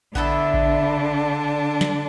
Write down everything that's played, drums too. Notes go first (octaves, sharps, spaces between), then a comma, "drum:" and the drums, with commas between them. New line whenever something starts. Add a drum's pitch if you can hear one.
D3 B3 D4 E4 A4 E5, drum: kick A1
drum: kick A1
drum: snare